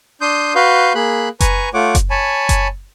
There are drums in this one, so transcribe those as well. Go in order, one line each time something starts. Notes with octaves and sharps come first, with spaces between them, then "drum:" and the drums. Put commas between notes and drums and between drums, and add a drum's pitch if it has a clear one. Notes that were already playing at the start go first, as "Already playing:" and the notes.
D4 C6 D#6 G6
F#4 B4 F5 C6 G6
A#3 G#4 B5 F#6
B4 G#5 A#5 C#6, drum: kick F#1, hi-hat
A3 F4 C#5 F#5 D6
drum: kick F#1, hi-hat
C#5 G#5 A5 B5
drum: kick F#1, hi-hat